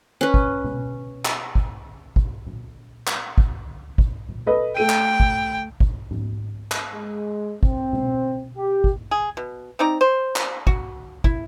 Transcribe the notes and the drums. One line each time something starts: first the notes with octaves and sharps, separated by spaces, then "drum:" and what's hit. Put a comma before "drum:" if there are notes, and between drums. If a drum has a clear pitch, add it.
C#4 B4
drum: kick
drum: tom B2
drum: clap
drum: kick
drum: kick
drum: tom A#2
drum: clap
drum: kick
drum: kick
drum: tom A#2
A4 B4 D#5
A3 A4 G5 D#7
drum: clap
drum: kick
drum: kick
drum: tom G#2
drum: clap
G#3
C4, drum: kick
drum: tom B2
G4
drum: kick
G#4
B2
C4 D#4 D5 A#5
C5
drum: clap
F#4, drum: kick
E4, drum: kick